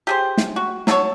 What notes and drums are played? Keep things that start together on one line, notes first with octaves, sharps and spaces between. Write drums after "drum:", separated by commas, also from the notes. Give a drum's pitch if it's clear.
G4 G#4 C5
drum: snare
F#4
F#3 A4 C5 C#5, drum: snare